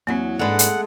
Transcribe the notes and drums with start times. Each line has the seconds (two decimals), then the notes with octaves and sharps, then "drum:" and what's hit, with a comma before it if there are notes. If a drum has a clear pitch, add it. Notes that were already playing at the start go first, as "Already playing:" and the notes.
0.07 E2 F#3 A#3 C4
0.39 G#2 G#3 A3 D4 B4 F#5
0.59 drum: hi-hat